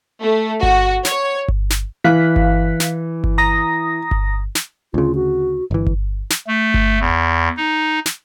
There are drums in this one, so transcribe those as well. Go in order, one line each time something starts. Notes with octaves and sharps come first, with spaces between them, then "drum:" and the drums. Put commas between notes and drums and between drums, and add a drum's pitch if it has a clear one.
A3
F#4, drum: kick G1
C#5, drum: snare
drum: kick G1
drum: snare
E3 F5 F#6 B6
drum: kick G1
drum: snare
drum: kick G1
A#5 D#6 A#6
drum: kick G1
drum: snare
D2 C#3 F4
F#4
G1 E3
drum: kick G1
drum: snare
A3
drum: kick G1
E2
D#4
drum: snare